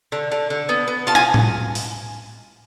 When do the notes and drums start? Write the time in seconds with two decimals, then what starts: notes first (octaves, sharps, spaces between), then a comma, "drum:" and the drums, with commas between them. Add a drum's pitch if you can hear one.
0.12 D3
0.32 D3
0.50 D3
0.69 B3
0.88 B3
1.07 F4 A5
1.15 G#5, drum: rim click
1.34 drum: tom A2
1.75 drum: open hi-hat